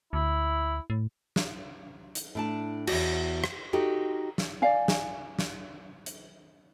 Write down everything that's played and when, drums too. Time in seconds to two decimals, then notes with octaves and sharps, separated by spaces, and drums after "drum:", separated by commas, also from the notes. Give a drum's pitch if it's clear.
0.13 D2 E4
0.90 A2
1.36 drum: snare
2.15 drum: hi-hat
2.35 A2 D4 A5
2.87 E2 F#4, drum: cymbal
3.44 drum: rim click
3.73 D#4 F#4 G4 A4
4.38 drum: snare
4.62 D5 F5 G#5
4.88 drum: snare
5.39 drum: snare
6.06 drum: hi-hat